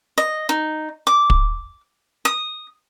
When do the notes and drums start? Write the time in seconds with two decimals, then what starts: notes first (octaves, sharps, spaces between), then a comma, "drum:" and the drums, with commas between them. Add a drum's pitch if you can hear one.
0.18 D#5
0.49 D#4
1.07 D6
1.30 drum: kick
2.25 D#6